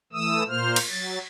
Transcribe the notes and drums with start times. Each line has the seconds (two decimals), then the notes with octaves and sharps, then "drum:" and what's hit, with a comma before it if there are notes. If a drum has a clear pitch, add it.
0.13 E3 A3 D#6 E6
0.48 A#2 A#3 C5 F6
0.76 drum: cymbal
0.90 F#3 A6